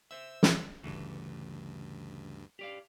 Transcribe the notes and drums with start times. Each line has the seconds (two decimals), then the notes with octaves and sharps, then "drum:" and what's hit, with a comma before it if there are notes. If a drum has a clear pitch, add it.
0.11 C5 E5 E6
0.43 drum: snare
0.83 D2 G2 C#3 E3 A3
2.59 G4 D5 F5